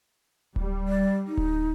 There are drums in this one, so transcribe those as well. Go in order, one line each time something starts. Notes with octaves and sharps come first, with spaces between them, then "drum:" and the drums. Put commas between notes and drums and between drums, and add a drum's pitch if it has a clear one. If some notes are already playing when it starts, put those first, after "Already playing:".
G3, drum: kick D1
D5
D#4
drum: kick D1